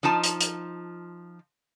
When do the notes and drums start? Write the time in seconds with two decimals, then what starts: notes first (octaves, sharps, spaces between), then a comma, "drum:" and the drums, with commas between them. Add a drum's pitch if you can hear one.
0.03 F3 D#4 F4 A5
0.24 drum: hi-hat
0.41 drum: hi-hat